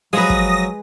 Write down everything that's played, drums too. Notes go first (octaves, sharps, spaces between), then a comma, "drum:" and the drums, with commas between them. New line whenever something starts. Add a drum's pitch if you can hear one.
F3 F#3 G#3 B4 D#6 A#6
drum: kick